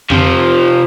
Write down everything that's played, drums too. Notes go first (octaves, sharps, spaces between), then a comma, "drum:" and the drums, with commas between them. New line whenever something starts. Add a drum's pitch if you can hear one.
C3 F3, drum: tom